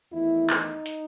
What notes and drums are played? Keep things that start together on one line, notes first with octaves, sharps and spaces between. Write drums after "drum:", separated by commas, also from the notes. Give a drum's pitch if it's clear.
E2 D#3 A3 E4
D#4, drum: clap
drum: hi-hat